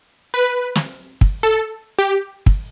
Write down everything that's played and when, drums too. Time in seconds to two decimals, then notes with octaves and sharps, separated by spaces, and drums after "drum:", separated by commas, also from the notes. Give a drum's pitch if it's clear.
0.34 B4
0.75 drum: snare
1.21 drum: kick
1.43 A4
1.99 G4
2.46 drum: kick